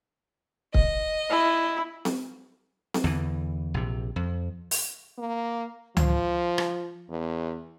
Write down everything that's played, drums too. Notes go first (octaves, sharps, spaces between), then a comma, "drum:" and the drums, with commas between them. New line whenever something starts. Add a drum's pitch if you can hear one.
D#5, drum: kick C#1
E4
drum: snare C4
drum: snare C4
E2 D3 E3
A#1 C3
F2
drum: open hi-hat
A#3
F3, drum: tom C#2
drum: rim click
E2